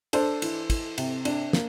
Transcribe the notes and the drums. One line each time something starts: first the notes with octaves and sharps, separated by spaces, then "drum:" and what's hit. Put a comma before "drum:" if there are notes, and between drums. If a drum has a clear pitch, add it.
D4 A4 C5, drum: cymbal
E3, drum: cymbal
E3, drum: kick, cymbal
C3, drum: cymbal
D4, drum: cymbal
A#3, drum: snare